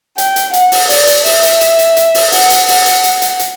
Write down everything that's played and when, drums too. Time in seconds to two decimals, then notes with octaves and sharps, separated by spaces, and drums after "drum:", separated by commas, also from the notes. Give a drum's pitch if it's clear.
0.18 G5, drum: hi-hat
0.36 drum: hi-hat
0.53 F#5, drum: hi-hat
0.72 drum: open hi-hat
0.90 D5, drum: open hi-hat
1.07 drum: hi-hat
1.26 E5, drum: open hi-hat
1.43 drum: hi-hat
1.61 drum: hi-hat
1.79 drum: hi-hat
1.97 drum: hi-hat
2.14 drum: open hi-hat
2.32 F#5, drum: open hi-hat
2.50 drum: hi-hat
2.68 F#5, drum: open hi-hat
2.86 drum: hi-hat
3.04 drum: hi-hat
3.22 drum: hi-hat
3.39 drum: hi-hat